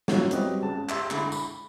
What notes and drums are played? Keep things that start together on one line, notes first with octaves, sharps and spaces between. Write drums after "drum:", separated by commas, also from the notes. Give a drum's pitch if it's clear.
F3 F#3 A#3 C#4 E4 F#4, drum: snare
F#3 G3 B3 C4 B4 D#5, drum: hi-hat
C#3 G#3 A5
G4 E5 C6 E6, drum: clap
D3 G#3 E4 B5, drum: clap
B5, drum: tambourine